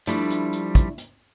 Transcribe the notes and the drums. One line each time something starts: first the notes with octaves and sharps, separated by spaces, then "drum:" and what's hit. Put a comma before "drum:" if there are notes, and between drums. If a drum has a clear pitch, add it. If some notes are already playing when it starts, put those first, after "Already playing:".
F3 G3 A3 D4 E4, drum: hi-hat
drum: hi-hat
drum: hi-hat
drum: kick, hi-hat
drum: hi-hat